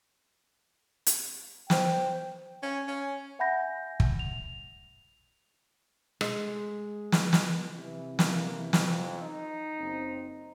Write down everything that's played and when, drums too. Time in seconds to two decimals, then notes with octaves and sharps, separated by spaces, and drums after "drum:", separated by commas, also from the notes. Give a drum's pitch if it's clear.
1.06 drum: hi-hat
1.70 C5 G5, drum: snare
2.63 C#4
2.88 C#4
3.39 E5 F#5 G#5 B5 G6 A#6
4.00 drum: kick
4.19 F7
6.21 G#3, drum: rim click
7.12 drum: snare
7.33 drum: snare
7.73 C3 E3
8.19 A#3, drum: snare
8.73 F2, drum: snare
9.22 D#4
9.79 F#1 C4